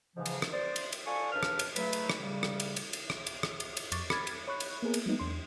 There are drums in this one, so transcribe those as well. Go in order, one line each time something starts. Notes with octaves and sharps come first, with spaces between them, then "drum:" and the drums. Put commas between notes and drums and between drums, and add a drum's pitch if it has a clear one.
G#2 C#3 E3 F3
drum: cymbal
drum: rim click
C5 D5
drum: cymbal
drum: cymbal
F4 A4 D5 G#5 C#6
D#2 C#3 D4 B4 F6
drum: rim click
drum: cymbal
C#3 F#3 A3 B4, drum: cymbal
drum: cymbal
drum: rim click
A2 C#3 G3
drum: rim click
drum: cymbal
drum: cymbal
drum: cymbal
drum: rim click
drum: cymbal
drum: rim click
drum: cymbal
drum: cymbal
F2 C#6 D6 A6, drum: cymbal
B5 D6 F6 G#6 A6, drum: rim click
drum: cymbal
C#5 B5 C#6 F#6
drum: cymbal
A#3 B3 G#4 A#4
drum: cymbal
F#3 G#3 A#3 B3 D#4
E2 D4 C6